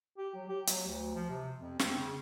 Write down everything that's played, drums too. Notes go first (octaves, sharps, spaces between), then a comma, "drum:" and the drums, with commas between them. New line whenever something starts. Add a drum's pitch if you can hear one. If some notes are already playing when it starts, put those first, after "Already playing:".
G4
F#3
G4
F#3, drum: hi-hat
D2
F3
C3
F2
C4, drum: snare
C#3